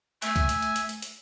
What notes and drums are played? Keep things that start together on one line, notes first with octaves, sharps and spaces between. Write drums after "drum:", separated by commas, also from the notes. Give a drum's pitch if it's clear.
A3 E5 G#5, drum: hi-hat
drum: kick C2, hi-hat
drum: hi-hat
drum: hi-hat
drum: hi-hat
drum: hi-hat
drum: hi-hat